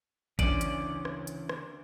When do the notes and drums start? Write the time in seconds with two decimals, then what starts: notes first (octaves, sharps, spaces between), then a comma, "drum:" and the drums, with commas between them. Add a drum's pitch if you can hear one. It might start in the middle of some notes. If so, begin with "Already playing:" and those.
0.39 D2 C#3 E3 C#4 D5 D#7, drum: kick G#1, hi-hat
0.61 drum: hi-hat
1.05 drum: rim click
1.27 drum: hi-hat
1.49 drum: rim click